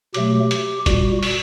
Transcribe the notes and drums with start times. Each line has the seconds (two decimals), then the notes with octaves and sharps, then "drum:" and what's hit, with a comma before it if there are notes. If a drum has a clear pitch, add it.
0.14 B2 F#3 A3 G4, drum: hi-hat
0.51 drum: hi-hat
0.86 A#2 G3 F#4, drum: kick, hi-hat
1.23 drum: open hi-hat